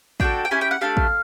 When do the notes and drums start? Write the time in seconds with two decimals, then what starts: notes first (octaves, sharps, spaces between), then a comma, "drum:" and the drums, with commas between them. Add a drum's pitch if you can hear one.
0.20 D4 F#4 A4 G5, drum: kick
0.45 G5
0.51 C#4 E4 G4 G#5
0.61 G5
0.71 F#5
0.81 A3 D4 G4 F5
0.97 drum: kick